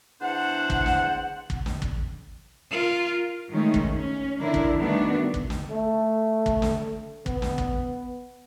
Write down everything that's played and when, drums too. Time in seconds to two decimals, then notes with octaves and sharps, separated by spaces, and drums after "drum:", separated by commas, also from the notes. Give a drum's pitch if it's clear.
0.22 E2 D4 C5 F#5
0.70 drum: kick
0.86 drum: snare
1.50 drum: kick
1.66 drum: snare
1.82 drum: kick
2.70 F4 A#4
3.50 D#3 G#3 A3 C#4 D#4
3.74 drum: kick
3.94 C#4
4.40 D3 D4 E4 A#4
4.54 drum: kick
4.78 D#3 G3 A3 B3 D4 F#4
5.34 drum: kick
5.50 drum: snare
5.71 A3
6.46 drum: kick
6.62 drum: snare
7.26 B3, drum: kick
7.42 drum: snare
7.58 drum: kick